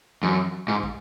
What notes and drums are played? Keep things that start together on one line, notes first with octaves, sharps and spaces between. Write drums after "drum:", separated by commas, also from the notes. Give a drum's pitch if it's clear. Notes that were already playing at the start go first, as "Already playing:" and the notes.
F#2, drum: tom E3
G#2
drum: kick